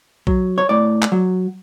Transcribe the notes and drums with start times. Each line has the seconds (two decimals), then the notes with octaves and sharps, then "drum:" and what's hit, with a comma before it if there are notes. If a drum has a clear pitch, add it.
0.27 F#3, drum: kick
0.58 C#5
0.69 A2 D5
1.02 drum: clap
1.12 F#3